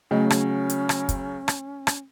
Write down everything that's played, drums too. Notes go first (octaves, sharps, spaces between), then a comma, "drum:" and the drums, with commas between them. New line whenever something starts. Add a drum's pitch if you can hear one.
C#3 F#3 A3 C#4 D#5
drum: rim click
drum: hi-hat
drum: rim click
drum: kick, hi-hat
drum: rim click
drum: rim click